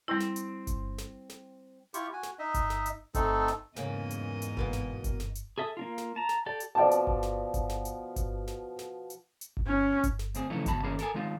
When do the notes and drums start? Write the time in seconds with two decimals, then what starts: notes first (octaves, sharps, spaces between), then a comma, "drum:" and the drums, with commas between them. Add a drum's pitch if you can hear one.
0.08 G3 C4 E4
0.20 drum: snare
0.36 drum: hi-hat
0.67 drum: kick G1, hi-hat
0.98 drum: snare
1.30 drum: snare
1.94 E4 F4 G4 C#6, drum: hi-hat
2.13 F#4 G#5
2.23 drum: snare
2.39 D#4 D#5 E5
2.54 drum: kick G1, hi-hat
2.70 drum: snare
2.86 drum: hi-hat
3.15 A3 C4 D#4 A4, drum: kick G1, hi-hat
3.48 drum: snare
3.76 E2 G#2 C#3 A#3 C#4 D#5, drum: snare
4.10 drum: hi-hat
4.42 drum: hi-hat
4.57 B2 A#3 B3, drum: kick G1
4.73 drum: snare
5.04 drum: kick G1, hi-hat
5.20 drum: snare
5.35 drum: hi-hat
5.58 G#4 A4 E5 D#6
5.77 A#3 D4 F4
5.98 drum: snare
6.16 A5 A#5
6.29 drum: snare
6.46 G4 A4 D5
6.60 drum: hi-hat
6.75 B2 F3 D5 G5 A5
6.91 drum: hi-hat
7.07 drum: kick G1
7.23 drum: snare
7.54 drum: kick G1, hi-hat
7.69 drum: snare
7.85 drum: hi-hat
8.16 drum: kick G1, hi-hat
8.47 drum: snare
8.79 drum: snare
9.10 drum: hi-hat
9.41 drum: hi-hat
9.57 drum: kick G1
9.67 C#4
10.04 drum: kick G1, hi-hat
10.19 drum: snare
10.34 D2 C4 G#4, drum: hi-hat
10.50 C#3 E3 F3 A3 D#4
10.66 C#2 B2 A5 B5, drum: kick G1, hi-hat
10.83 D#3 A#3 C#4 G#4 A#4
10.99 A4 A#4 G#5, drum: snare
11.14 D#3 G#3 D#4 F4